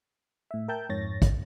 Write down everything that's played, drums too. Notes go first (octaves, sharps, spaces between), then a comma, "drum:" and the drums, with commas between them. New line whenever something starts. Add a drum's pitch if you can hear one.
A2 E5
A#4 E5 G5 A5 G6
F2 G#2 C#5 A6 A#6
drum: kick, hi-hat